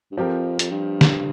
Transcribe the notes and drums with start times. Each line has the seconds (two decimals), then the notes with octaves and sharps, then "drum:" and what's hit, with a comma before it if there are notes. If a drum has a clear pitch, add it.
0.12 G2
0.17 F2 F3 C4 G4 A#4
0.59 F2, drum: hi-hat
0.71 G2
1.01 drum: snare